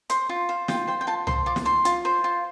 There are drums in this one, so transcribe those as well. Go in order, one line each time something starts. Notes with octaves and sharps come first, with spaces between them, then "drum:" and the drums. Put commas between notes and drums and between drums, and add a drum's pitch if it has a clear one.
C5 C6, drum: hi-hat
F4
C5 F5
F4 G5, drum: snare
C5 G5
G5
F4 A5
C5 C6, drum: tom
F4 D6
drum: snare
C5 C6
F4, drum: hi-hat
C5
F4